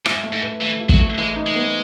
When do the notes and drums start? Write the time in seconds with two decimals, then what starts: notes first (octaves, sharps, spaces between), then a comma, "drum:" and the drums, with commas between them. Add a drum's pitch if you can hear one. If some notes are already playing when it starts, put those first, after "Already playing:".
0.06 G#2 E4, drum: rim click
0.23 A3
0.33 G#2
0.43 B4
0.62 E3 A3
0.80 E4
0.89 F#3, drum: kick
0.99 A3
1.18 E3 G#3
1.36 D#4
1.46 G#3
1.56 B3